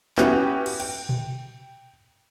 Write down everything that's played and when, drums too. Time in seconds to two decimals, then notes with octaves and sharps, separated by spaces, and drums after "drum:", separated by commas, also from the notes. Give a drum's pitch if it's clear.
0.18 B3 C#4 E4 F#4 G4, drum: clap
0.66 drum: cymbal
0.80 G5, drum: cymbal
1.09 drum: tom A#2